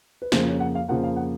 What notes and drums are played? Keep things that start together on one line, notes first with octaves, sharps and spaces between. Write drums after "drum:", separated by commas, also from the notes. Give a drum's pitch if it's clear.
B4
F2 C#3 F3 A#3 C5, drum: snare
C#5
F#5
F5
F2 C#3 F3 A#3 F#5
F5
F#5